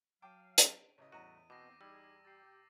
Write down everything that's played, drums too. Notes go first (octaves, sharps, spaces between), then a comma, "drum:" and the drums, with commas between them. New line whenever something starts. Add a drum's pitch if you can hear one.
F#3 F5 G5 A5 D6 D7 D#7
drum: hi-hat
A1 C#3 E3 A3 D#5
E2 A2 G3 A3 F#4 D#5 A#5 D#7
B2 B3 C4 D6 A#6
G3 D#4 G#4 E6
G4 G5 A6 C7